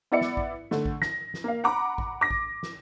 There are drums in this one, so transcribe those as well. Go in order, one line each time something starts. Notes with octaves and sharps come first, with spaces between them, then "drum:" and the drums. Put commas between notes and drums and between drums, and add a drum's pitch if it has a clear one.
B3 E4 D5 E5 C#7
drum: snare
drum: kick A1
D3 A3, drum: snare
drum: kick A1
A#6, drum: snare
drum: snare
A#3 F5
F#5 A#5 B5 D6
drum: kick A1
D6 A#6
drum: kick A1
drum: snare